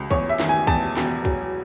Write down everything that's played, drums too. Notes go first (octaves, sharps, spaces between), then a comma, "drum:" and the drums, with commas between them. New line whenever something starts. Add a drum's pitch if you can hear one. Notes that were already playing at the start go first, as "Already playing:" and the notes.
Already playing: C#2 F#3
E2 C#5, drum: kick
E5
D#3, drum: snare
G#5
E2 A5, drum: kick
E1, drum: snare
F#3, drum: kick